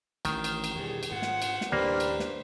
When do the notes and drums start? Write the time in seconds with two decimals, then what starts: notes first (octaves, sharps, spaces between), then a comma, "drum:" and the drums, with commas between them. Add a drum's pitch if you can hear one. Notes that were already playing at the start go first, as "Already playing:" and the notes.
0.25 A1 D#3, drum: cymbal
0.44 drum: cymbal
0.64 drum: cymbal
0.75 E2 B2 G3 G#4
1.03 drum: cymbal
1.12 G#2 F4 F#5
1.22 drum: snare
1.42 drum: cymbal
1.61 drum: snare
1.72 D#2 A2 C#3 G3 A#3 D4 B4 C5
2.00 drum: cymbal
2.20 drum: snare